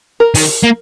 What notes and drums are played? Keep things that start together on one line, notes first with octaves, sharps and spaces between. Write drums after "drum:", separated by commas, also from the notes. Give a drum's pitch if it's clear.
A#4
D#3, drum: open hi-hat
A#3